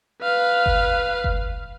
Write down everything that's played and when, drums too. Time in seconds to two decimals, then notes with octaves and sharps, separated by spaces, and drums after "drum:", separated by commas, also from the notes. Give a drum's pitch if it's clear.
0.22 B4 F5
0.66 drum: kick F#1
1.24 drum: kick F#1